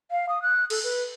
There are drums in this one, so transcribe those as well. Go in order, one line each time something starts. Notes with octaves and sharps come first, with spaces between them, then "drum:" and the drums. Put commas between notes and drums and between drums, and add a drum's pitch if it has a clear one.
F5
D#6
F#6
A4, drum: cymbal
B4